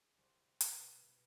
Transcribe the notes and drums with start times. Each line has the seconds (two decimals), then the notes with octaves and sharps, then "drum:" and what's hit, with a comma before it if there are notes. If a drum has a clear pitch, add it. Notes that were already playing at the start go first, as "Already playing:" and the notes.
Already playing: G#4
0.18 C2
0.61 B2 B4, drum: hi-hat
1.04 B2 B4